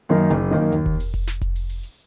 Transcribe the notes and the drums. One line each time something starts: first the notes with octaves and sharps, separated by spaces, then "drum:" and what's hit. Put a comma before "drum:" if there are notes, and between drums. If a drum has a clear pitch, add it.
F#2 D#3 A#3 D#4
F#1, drum: hi-hat
F#2 D#3 A#3 D#4
D#2, drum: hi-hat
drum: kick F1
drum: open hi-hat
drum: kick F1, hi-hat
drum: snare
drum: kick F1, hi-hat
drum: open hi-hat
drum: open hi-hat
drum: hi-hat